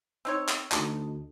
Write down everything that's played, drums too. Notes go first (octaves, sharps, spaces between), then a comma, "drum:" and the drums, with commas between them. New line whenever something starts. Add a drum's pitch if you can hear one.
C4 D#4 C#5 E6 G#6
drum: clap
D2 D#4 F#4 A5, drum: clap